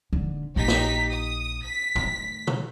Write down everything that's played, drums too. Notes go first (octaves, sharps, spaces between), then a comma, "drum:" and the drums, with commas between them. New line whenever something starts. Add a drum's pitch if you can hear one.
D#1 D3
A#1 D#4 G4 B6
drum: snare
D#6
B6
D#3 A3, drum: tom
drum: tom